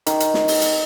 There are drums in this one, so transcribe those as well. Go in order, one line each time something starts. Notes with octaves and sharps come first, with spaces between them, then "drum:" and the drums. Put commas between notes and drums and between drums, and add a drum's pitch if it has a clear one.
D#3, drum: hi-hat
drum: hi-hat
drum: snare
drum: open hi-hat
drum: hi-hat